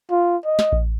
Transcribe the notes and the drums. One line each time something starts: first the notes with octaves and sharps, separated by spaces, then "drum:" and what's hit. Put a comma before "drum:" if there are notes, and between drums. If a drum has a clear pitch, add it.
F4
D#5
drum: snare
drum: kick A1